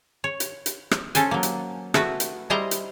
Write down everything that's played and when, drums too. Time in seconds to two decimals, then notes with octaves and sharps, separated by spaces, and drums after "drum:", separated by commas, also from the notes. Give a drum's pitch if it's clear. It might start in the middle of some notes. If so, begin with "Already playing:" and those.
0.24 C#5
0.40 drum: hi-hat
0.66 drum: hi-hat
0.91 drum: rim click
1.15 C#4 A4 C5 G#5, drum: hi-hat
1.31 F#3 A#3
1.43 drum: hi-hat
1.94 A3 E4 F#4 B4, drum: rim click
2.20 drum: hi-hat
2.50 G3 E4 C5 D#5 A#5
2.71 drum: hi-hat